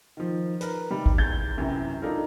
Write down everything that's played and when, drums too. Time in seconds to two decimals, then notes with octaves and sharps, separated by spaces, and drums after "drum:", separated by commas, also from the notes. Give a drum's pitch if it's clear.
0.17 D#3 F3
0.61 A#4 B4, drum: hi-hat
0.91 C3 D#3 G3
1.06 drum: kick
1.18 E2 G6 A6 G7
1.58 F#2 C3 E3
2.02 D4 D#4 F4 A4 A#4